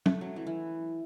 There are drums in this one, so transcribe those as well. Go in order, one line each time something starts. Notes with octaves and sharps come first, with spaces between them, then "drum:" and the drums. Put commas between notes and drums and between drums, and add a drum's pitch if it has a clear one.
A3, drum: tom F#3
F#3
E3
E3